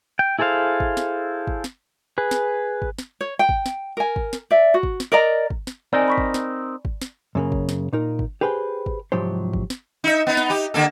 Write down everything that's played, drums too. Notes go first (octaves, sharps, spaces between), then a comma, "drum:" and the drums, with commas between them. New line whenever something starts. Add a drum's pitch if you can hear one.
G5
E4 G#4 A4 C5 F5
drum: kick
drum: snare
drum: kick
drum: snare
G#4 B4
drum: snare
drum: kick
drum: snare
C#5
G5
drum: kick
drum: snare
A#4 G#5
drum: kick
drum: snare
D5 E5
F#4
drum: kick
drum: snare
A#4 D5 D#5 A#5
drum: kick
drum: snare
C4 D#4 A#4 D5 G#5
B5 C#6 B6
drum: kick
drum: snare
drum: kick
drum: snare
F#2 C#3 A#3
drum: kick
drum: snare
A#2 D#4 A#4
drum: kick
G4 G#4 B4 C5 G5
drum: kick
C2 G#2 F3 F#3 G4 C5
drum: kick
drum: snare
D#4 E5
B3 D#4
drum: snare
D#4 G4
D3 A#3 A4